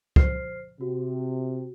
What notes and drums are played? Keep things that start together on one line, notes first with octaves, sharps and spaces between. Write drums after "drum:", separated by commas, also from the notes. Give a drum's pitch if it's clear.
C5 F6 C7, drum: kick C#2
C3 F#4